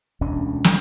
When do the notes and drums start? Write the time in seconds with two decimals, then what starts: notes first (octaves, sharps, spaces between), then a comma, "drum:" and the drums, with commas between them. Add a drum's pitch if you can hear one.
0.21 E1 D2 C#4 D4
0.64 drum: snare